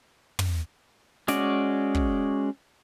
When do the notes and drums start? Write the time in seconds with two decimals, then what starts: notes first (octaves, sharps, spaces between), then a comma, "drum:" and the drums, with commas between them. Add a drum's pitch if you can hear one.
0.39 drum: tom
1.28 G#3 C#4 F#4 D5, drum: snare
1.95 drum: kick